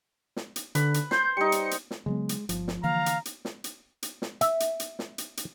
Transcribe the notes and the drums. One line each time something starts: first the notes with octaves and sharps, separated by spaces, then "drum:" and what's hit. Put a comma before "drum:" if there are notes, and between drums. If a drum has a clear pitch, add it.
drum: snare
drum: hi-hat
D3 B4, drum: hi-hat
drum: hi-hat
C5 G6, drum: snare
G3 D#4 C#7
drum: hi-hat
drum: hi-hat
drum: snare
C#3 F#3 G#3 B3
drum: hi-hat
G1 F3, drum: hi-hat
drum: snare
D3 E3 A#3 F5 A#5
drum: hi-hat
drum: hi-hat
drum: snare
drum: hi-hat
drum: hi-hat
drum: snare
E5, drum: hi-hat
drum: hi-hat
drum: hi-hat
drum: snare
drum: hi-hat
drum: hi-hat